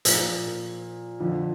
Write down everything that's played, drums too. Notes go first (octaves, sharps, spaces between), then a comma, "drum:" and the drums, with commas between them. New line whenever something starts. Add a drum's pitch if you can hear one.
A#2 F3 A#3, drum: hi-hat
F2 D3 F3